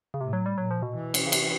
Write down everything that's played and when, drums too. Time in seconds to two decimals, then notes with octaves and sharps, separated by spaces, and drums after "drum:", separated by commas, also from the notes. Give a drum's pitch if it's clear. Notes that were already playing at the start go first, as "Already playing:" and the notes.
0.14 C#3
0.21 A2 C3
0.33 F#3
0.46 G3
0.57 A#2 F#3
0.71 F3
0.82 B2
0.95 E3
1.14 drum: cymbal
1.27 C#3
1.32 C3, drum: cymbal